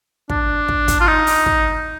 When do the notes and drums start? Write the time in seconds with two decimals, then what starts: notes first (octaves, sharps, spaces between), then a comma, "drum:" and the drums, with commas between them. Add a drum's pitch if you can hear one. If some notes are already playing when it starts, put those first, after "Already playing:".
0.30 D4, drum: kick
0.68 drum: kick
0.88 drum: kick, hi-hat
1.00 F4
1.07 D#4
1.27 drum: open hi-hat
1.46 drum: kick